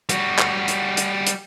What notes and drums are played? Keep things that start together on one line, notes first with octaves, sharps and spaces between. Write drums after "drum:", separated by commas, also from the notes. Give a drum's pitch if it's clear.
G3 F#4, drum: hi-hat
drum: clap
drum: hi-hat
drum: hi-hat
drum: hi-hat